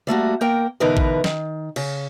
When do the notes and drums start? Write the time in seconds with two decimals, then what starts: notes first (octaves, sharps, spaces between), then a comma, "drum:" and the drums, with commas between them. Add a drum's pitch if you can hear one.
0.07 G3 A3 A#3 F#4
0.41 A#3 A#4 G5
0.80 B2 D3 E3 D#4 A#4 B4
0.97 drum: kick
1.24 D#3, drum: snare
1.76 C#3, drum: cymbal